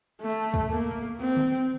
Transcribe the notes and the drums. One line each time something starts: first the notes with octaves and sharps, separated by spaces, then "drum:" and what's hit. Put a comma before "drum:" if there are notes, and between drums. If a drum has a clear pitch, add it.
A3
drum: kick
A#3
C4
drum: tom D3